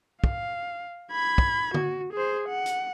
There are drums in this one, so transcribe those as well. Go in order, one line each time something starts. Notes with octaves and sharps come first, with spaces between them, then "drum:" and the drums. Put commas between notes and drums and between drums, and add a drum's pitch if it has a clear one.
F5, drum: kick
B5 G#6
drum: kick
F#4, drum: tom D3
G#4 C5
F#5
drum: hi-hat